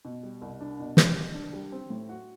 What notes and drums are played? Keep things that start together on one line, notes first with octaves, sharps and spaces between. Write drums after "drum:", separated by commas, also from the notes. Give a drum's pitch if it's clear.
B2
G3
C2
D4
B2
G3, drum: snare
C2
D4
G3
C4
A2
F#4